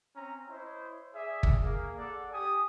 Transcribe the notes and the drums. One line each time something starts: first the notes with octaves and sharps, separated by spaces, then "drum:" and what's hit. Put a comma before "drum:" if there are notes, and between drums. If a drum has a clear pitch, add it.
C4 C#4 A#5
E4 C5 C#5 D#5
G#4 D5 E5
drum: kick
A#3 G#4
A4 D5 F#5
G4 G#5 D#6